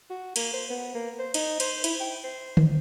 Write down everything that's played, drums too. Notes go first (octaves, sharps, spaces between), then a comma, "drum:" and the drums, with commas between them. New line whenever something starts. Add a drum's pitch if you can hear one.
F#4
A#3, drum: cymbal
C5
B3
A#3
C5
D#4, drum: cymbal
C5, drum: cymbal
E4, drum: cymbal
G5
C5
drum: tom D3